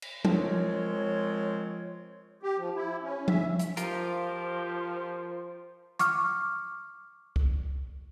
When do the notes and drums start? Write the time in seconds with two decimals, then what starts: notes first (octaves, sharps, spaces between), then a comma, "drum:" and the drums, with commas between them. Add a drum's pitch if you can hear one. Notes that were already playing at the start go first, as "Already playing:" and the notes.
0.02 drum: cymbal
0.25 F3 G#3 C4 F4 A#4 C#5, drum: tom F3
2.43 G4
2.58 F3
2.75 E4
3.03 C#4
3.28 E5, drum: tom F3
3.59 drum: hi-hat
3.77 F3 F4 G4 A#4 C5, drum: hi-hat
5.99 C#6 D6 F6, drum: hi-hat
7.36 drum: kick